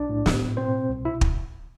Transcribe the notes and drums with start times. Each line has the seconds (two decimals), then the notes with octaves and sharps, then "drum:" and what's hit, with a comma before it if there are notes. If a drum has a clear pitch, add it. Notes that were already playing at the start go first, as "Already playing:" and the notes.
Already playing: B1 D4 D5
0.10 A2
0.26 A2, drum: snare
0.41 A2
0.57 B2 C4 C5
0.73 B2
0.89 C2
1.05 B2 E4 E5
1.21 drum: kick